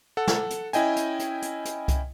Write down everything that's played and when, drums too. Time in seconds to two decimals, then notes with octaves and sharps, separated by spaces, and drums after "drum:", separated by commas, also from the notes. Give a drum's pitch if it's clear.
0.17 A4 F#5
0.27 drum: snare
0.50 drum: hi-hat
0.73 C#4 E4 D#5 G5 G#5, drum: hi-hat
0.96 drum: hi-hat
1.19 drum: hi-hat
1.42 drum: hi-hat
1.65 drum: hi-hat
1.88 drum: kick C2, hi-hat